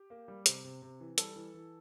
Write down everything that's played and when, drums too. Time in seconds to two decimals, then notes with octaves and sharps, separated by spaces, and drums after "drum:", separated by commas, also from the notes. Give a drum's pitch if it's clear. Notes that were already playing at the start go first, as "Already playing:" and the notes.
Already playing: G4
0.10 A#3
0.28 G3
0.46 C3, drum: hi-hat
0.64 C3
0.82 C3
1.00 E3
1.18 G3 A4, drum: hi-hat
1.36 E3
1.54 E3